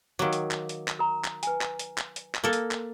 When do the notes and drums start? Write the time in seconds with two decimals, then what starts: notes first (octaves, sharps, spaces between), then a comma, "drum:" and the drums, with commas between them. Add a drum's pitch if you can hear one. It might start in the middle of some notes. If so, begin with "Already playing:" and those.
0.19 D#3 F#3 F5 D6
0.33 drum: hi-hat
0.51 drum: clap
0.69 drum: hi-hat
0.88 drum: clap
0.99 A#4 A#5
1.24 drum: clap
1.43 B4 G#5, drum: hi-hat
1.61 drum: clap
1.79 drum: hi-hat
1.98 drum: clap
2.16 drum: hi-hat
2.35 drum: clap
2.44 A#3 A4
2.53 drum: hi-hat
2.71 drum: clap